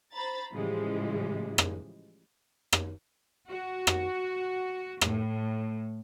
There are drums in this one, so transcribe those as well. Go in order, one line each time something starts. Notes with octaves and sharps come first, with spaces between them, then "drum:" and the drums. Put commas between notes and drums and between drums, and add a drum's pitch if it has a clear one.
C5 A#5 B5 A6
A2 C#3 E3 F3 G3 G#3
drum: rim click
drum: rim click
F#4
drum: rim click
A2, drum: rim click